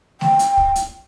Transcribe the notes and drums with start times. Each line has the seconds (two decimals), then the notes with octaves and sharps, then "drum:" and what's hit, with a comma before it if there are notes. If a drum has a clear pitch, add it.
0.21 G5, drum: snare A3
0.39 drum: hi-hat
0.57 drum: kick
0.76 drum: hi-hat